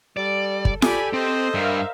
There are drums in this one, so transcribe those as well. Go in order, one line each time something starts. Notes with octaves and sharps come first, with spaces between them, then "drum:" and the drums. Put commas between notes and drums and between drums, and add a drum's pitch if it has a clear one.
G3 A4 D5
drum: kick
G4 A4 D5 G#5 B5, drum: snare F4
C4 C5 D#5
G2 A#4 E5 F5